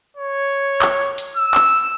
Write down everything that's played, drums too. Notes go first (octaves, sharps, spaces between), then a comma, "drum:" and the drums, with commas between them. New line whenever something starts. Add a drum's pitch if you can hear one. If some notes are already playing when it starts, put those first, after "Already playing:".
C#5
drum: clap
drum: hi-hat
E6
drum: clap